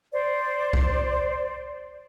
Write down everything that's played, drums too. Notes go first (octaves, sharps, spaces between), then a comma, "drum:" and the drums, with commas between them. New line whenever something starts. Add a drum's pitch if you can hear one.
C5 D5
drum: kick C2